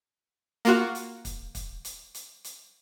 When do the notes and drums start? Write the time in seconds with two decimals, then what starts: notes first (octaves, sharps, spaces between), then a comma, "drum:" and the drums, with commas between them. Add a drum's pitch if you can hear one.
0.65 A#3 F4 F#4, drum: hi-hat
0.95 drum: hi-hat
1.25 drum: kick, hi-hat
1.55 drum: kick, hi-hat
1.85 drum: hi-hat
2.15 drum: hi-hat
2.44 drum: hi-hat